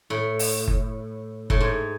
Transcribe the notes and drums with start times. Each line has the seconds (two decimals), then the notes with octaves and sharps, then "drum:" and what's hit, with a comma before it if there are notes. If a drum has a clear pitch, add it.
0.10 A2
0.39 drum: open hi-hat
0.68 drum: kick F#1
1.50 A2, drum: kick F#1
1.60 G#2